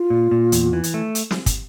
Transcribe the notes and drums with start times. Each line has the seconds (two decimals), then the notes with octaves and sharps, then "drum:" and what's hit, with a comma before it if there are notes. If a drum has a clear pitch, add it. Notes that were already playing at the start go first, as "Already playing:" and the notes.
Already playing: F4
0.10 A#2
0.31 A#2
0.52 E2, drum: hi-hat
0.73 E3
0.84 drum: hi-hat
0.94 A3
1.15 drum: hi-hat
1.31 drum: snare
1.46 drum: kick, hi-hat